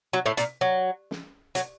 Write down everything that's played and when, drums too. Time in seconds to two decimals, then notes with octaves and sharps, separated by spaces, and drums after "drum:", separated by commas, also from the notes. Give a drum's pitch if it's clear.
0.13 F#3
0.26 A2 A3
0.37 A#2 A#3, drum: hi-hat
0.61 F#3
1.11 drum: snare
1.55 F#3, drum: hi-hat